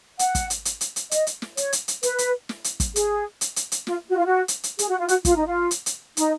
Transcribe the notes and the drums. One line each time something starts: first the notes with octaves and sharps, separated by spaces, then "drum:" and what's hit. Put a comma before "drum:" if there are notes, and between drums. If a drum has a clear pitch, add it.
F#5, drum: hi-hat
drum: kick, hi-hat
drum: hi-hat
drum: hi-hat
drum: hi-hat
drum: hi-hat
D#5, drum: hi-hat
drum: hi-hat
drum: snare
C#5, drum: hi-hat
drum: hi-hat
drum: hi-hat
B4, drum: hi-hat
drum: hi-hat
drum: snare
drum: hi-hat
drum: kick, hi-hat
G#4, drum: hi-hat
drum: hi-hat
drum: hi-hat
drum: hi-hat
F4, drum: snare
F#4
F4
F#4
drum: hi-hat
drum: hi-hat
G#4, drum: hi-hat
F#4
F4
F#4, drum: hi-hat
F4, drum: kick, hi-hat
D#4
F4
drum: hi-hat
drum: hi-hat
D#4, drum: hi-hat